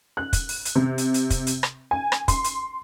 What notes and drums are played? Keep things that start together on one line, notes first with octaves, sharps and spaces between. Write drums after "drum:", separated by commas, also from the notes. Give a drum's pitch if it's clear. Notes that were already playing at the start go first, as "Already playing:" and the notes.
F#6
drum: kick, hi-hat
drum: open hi-hat
drum: hi-hat
C3
drum: hi-hat
drum: hi-hat
drum: kick, hi-hat
drum: hi-hat
drum: rim click
G#5
drum: rim click
C6, drum: kick, hi-hat
drum: hi-hat